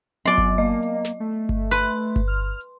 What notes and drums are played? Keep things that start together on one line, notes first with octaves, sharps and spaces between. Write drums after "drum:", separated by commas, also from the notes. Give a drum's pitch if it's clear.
F#3 B3 D5 C6
drum: kick G1, hi-hat
A#3 D#5
drum: hi-hat
drum: snare
A3
drum: kick G1
B4 C6, drum: hi-hat
drum: kick G1, hi-hat
F6
drum: hi-hat